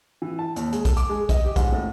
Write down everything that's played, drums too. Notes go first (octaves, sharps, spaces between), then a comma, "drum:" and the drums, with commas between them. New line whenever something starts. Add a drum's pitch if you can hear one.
E3
A5
D#2, drum: hi-hat
G#3, drum: hi-hat
A4, drum: kick, hi-hat
D6, drum: hi-hat
G#3
D#5, drum: kick, hi-hat
G4
G#2, drum: kick, hi-hat
A2